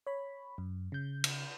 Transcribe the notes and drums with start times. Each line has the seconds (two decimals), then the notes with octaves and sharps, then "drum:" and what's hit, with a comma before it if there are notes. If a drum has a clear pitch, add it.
0.07 C#5 B5
0.58 F#2
0.92 C#3 G6
1.24 drum: cymbal